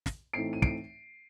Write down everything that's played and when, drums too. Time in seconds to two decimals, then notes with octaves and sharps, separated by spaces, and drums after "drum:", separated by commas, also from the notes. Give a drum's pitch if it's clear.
0.06 drum: snare
0.33 A2 E3 A3 C4 D#4 C7 D7
0.53 D#7
0.62 C7 D7, drum: kick